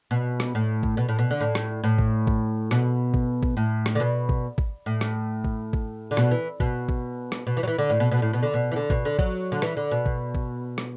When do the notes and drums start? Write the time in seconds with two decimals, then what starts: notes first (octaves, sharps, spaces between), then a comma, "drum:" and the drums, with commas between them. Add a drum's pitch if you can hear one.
0.11 B2
0.40 drum: rim click
0.55 A2
0.83 drum: kick G#1
0.97 B2
1.09 A2
1.19 B2
1.31 D3
1.40 A2
1.55 drum: rim click
1.83 A2
1.98 drum: kick G#1
2.27 drum: kick G#1
2.71 B2, drum: rim click
3.14 drum: kick G#1
3.43 drum: kick G#1
3.57 A2
3.86 drum: rim click
3.95 D3
4.00 B2
4.29 drum: kick G#1
4.58 drum: kick G#1
4.86 A2
5.01 drum: rim click
5.44 drum: kick G#1
5.73 drum: kick G#1
6.11 D3
6.17 B2, drum: rim click
6.31 E3
6.60 B2, drum: kick G#1
6.89 drum: kick G#1
7.32 drum: rim click
7.47 B2
7.57 E3
7.63 F#3
7.68 E3
7.78 D3
7.90 A2
8.00 B2
8.11 B2
8.22 A2
8.33 B2
8.43 D3
8.54 B2
8.72 E3
8.76 D3
8.90 B2, drum: kick G#1
9.05 D3
9.19 F#3, drum: kick G#1
9.52 D3
9.62 E3, drum: rim click
9.77 D3
9.91 B2
10.06 drum: kick G#1
10.35 drum: kick G#1
10.78 drum: rim click